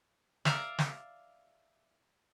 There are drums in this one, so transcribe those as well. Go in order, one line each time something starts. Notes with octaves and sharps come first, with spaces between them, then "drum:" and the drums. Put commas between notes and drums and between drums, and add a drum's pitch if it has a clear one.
D5 E5 F5 A#5, drum: snare
drum: snare